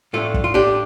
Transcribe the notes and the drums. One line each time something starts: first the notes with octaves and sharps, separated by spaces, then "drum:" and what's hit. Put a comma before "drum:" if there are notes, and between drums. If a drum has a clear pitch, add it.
A2 A3 D4 F4 A4
drum: kick
F4
D4 G4